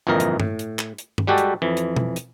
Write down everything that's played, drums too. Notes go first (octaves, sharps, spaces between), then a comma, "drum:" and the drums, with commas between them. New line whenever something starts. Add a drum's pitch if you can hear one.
G1 F2 A#2 E3 A#4 D#5
drum: hi-hat
A2, drum: tom G2
drum: hi-hat
drum: clap
drum: hi-hat
drum: tom G2
G3 G#3 F#4 G4 A4
drum: hi-hat
F2 E3
drum: hi-hat
drum: tom B2
drum: hi-hat